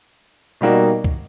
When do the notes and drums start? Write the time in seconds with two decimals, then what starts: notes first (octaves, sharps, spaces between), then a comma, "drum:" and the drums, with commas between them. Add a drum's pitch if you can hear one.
0.61 B2 G3 A#3 D#4 F#4
1.04 drum: kick C#2